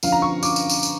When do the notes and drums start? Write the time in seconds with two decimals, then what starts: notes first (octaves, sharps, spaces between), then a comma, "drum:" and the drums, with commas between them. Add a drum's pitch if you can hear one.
0.03 D3 F3 C#4 F5, drum: tambourine
0.12 A#5
0.22 C#6
0.43 C#4 D6, drum: tambourine
0.56 drum: tambourine
0.69 drum: tambourine
0.83 drum: tambourine